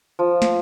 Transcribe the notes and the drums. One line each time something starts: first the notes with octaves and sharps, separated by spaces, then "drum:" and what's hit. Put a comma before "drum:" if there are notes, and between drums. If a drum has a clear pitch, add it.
F3
drum: snare